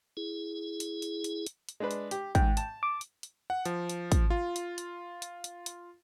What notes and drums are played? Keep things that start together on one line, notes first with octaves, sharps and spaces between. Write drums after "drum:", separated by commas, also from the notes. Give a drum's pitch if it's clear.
E4 G#4
drum: hi-hat
drum: hi-hat
drum: hi-hat
drum: hi-hat
drum: hi-hat
G#3 D4 B4
drum: hi-hat
G4, drum: hi-hat
G#2 G5, drum: kick, hi-hat
A5, drum: hi-hat
D6
drum: hi-hat
drum: hi-hat
F#5
F3, drum: hi-hat
drum: hi-hat
drum: kick, hi-hat
F4
drum: hi-hat
drum: hi-hat
drum: hi-hat
drum: hi-hat
drum: hi-hat